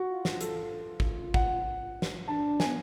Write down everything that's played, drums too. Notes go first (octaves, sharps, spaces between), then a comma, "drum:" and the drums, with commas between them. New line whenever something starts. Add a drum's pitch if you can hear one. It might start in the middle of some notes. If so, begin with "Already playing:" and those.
Already playing: F#4
F4
drum: snare
A4, drum: hi-hat
drum: kick
F#5, drum: kick
drum: snare
D4 A5
G#5, drum: snare
B3